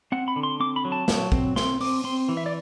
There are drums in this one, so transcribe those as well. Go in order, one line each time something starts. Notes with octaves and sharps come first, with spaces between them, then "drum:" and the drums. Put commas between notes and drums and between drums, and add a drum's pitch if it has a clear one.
C4 F#5
B5
D3
C6
C4 D6
B5
F#3
A5
F#3, drum: snare
C4, drum: kick
C4 C6, drum: snare
C4 D6, drum: open hi-hat
C4 C6
E3
E5
D5